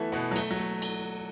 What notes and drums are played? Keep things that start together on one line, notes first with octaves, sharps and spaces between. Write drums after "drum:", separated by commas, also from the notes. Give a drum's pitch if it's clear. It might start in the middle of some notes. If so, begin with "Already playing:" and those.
Already playing: E3 A3 B3 E4 F#4 A4
B2 B3
F#3
A3, drum: cymbal
F#3
A3
drum: cymbal